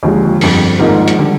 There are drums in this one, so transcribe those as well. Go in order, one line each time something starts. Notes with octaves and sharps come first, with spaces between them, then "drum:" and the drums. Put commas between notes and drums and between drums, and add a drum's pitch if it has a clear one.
D#2 D3 F3 G#3
G1 F2 D3 G3, drum: open hi-hat
G#1 G#2 F3 A#3 D#4
drum: hi-hat
D3 G3